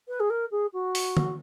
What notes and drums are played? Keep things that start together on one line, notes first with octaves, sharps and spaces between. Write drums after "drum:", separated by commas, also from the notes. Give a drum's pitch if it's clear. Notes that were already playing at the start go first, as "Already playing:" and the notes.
B4
G#4
A#4
G#4
F#4
drum: open hi-hat
drum: tom